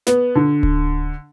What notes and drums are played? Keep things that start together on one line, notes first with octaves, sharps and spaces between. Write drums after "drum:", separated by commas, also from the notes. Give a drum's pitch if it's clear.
B3, drum: snare
D3
drum: kick D1